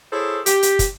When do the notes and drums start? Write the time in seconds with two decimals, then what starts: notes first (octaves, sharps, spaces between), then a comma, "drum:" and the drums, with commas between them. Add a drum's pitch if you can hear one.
0.12 E4 G#4 A4 C5 C#5
0.46 G4, drum: hi-hat
0.63 drum: hi-hat
0.79 drum: kick, hi-hat